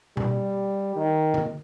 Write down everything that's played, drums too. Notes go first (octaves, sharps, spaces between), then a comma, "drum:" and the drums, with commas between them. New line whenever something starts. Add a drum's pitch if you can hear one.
G3, drum: tom B2
D#3
drum: tom D3